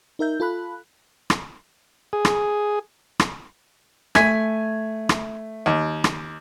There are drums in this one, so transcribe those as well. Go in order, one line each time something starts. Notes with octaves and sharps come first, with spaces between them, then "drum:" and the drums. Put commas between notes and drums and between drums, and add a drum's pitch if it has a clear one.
D#4 A#4 E5 G6
F4 A4 B5 F#6
drum: rim click
G#4
drum: rim click
drum: rim click
A3 G#5 B6, drum: rim click
drum: rim click
D#2
drum: rim click